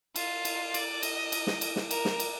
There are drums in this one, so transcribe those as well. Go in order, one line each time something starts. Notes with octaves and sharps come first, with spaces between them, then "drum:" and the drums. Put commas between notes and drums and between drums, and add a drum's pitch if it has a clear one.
F4, drum: cymbal
drum: cymbal
D5, drum: cymbal
D#5, drum: cymbal
drum: cymbal
drum: snare
drum: cymbal
drum: snare
A#4, drum: cymbal
drum: snare
drum: cymbal